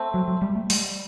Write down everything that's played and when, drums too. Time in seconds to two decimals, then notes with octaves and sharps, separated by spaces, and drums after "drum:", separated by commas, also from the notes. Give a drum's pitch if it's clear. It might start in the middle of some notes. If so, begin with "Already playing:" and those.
Already playing: A3 C4
0.14 F#3
0.28 F#3
0.42 G3
0.55 A3
0.70 G3, drum: open hi-hat